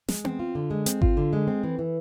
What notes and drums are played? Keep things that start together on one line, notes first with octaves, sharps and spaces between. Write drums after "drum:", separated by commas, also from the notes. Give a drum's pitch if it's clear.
G#3, drum: snare
C4, drum: tom B3
F4
D3
G#3
C4, drum: hi-hat
F4, drum: kick G#1
D3
G#3
C4
E3
E3